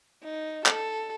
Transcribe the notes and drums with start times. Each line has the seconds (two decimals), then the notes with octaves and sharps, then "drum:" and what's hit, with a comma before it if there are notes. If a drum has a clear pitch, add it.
0.23 D#4
0.66 A4, drum: clap